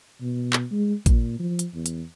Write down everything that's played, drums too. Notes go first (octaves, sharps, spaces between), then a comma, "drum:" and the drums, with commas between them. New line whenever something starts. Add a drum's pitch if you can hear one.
B2
drum: clap
G#3
A#2, drum: kick A1, hi-hat
F3
drum: hi-hat
E2
drum: hi-hat